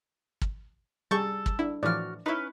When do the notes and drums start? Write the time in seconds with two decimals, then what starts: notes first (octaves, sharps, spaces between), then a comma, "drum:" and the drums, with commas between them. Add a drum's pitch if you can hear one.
0.41 drum: kick
1.11 G3 G#4 A4 A5 C#6 G6 A6
1.46 drum: kick
1.59 D4 E4
1.83 A2 E3 F3 F#4 D5 F6
2.26 C#4 D#4 E4 B4